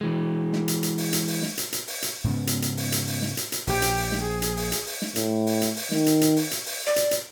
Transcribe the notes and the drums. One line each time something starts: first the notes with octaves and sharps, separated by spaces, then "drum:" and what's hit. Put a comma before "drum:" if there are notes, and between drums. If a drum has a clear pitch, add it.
E3 G#3
drum: snare
drum: hi-hat
drum: hi-hat
drum: open hi-hat
drum: hi-hat
drum: open hi-hat
drum: snare
drum: hi-hat
drum: hi-hat
drum: open hi-hat
drum: hi-hat
G#2 C#3 B3
drum: hi-hat
drum: hi-hat
drum: open hi-hat
drum: hi-hat
drum: open hi-hat
drum: snare
drum: hi-hat
drum: hi-hat
A#1 F3 G4 G5, drum: open hi-hat
drum: hi-hat
drum: open hi-hat
drum: snare
G#4
drum: hi-hat
drum: open hi-hat
drum: hi-hat
drum: open hi-hat
drum: snare
A2, drum: hi-hat
drum: open hi-hat
drum: hi-hat
drum: open hi-hat
D#3, drum: snare
drum: hi-hat
drum: hi-hat
drum: open hi-hat
drum: hi-hat
drum: open hi-hat
D5
drum: hi-hat
drum: hi-hat